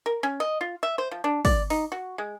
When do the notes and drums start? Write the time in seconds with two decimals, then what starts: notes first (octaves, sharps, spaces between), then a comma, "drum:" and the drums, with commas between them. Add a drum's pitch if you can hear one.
0.06 A#4
0.23 C#4
0.40 D#5
0.61 F4
0.83 E5
0.98 C5
1.11 F3
1.24 D4
1.45 D5, drum: kick, open hi-hat
1.70 D#4, drum: open hi-hat
1.92 F#4
2.18 G#3